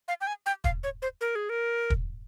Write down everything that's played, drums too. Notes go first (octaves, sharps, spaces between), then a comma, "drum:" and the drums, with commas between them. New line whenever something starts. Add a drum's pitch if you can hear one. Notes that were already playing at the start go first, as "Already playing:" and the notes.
F5
G5
G#5
G5
F5, drum: kick
C#5
C5
A#4
G#4
A#4
drum: kick